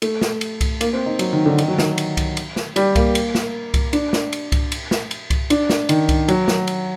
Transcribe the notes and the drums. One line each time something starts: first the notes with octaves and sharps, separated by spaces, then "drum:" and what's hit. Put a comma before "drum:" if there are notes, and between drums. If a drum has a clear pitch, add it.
A3, drum: cymbal
drum: snare
drum: cymbal
drum: kick C2, cymbal
A#3, drum: cymbal
C4
D#4
F#3, drum: cymbal
D#3
D3
D#3, drum: cymbal
F#3
D#3, drum: snare
drum: cymbal
drum: kick C2, cymbal
drum: cymbal
drum: snare
G3, drum: cymbal
A#3, drum: kick C2, cymbal
drum: cymbal
drum: snare
drum: kick C2, cymbal
D4, drum: cymbal
drum: snare
drum: cymbal
drum: kick C2, cymbal
drum: cymbal
drum: snare
drum: cymbal
drum: kick C2, cymbal
D4, drum: cymbal
drum: snare
D#3, drum: cymbal
drum: kick C2, cymbal
F#3, drum: cymbal
drum: snare
drum: cymbal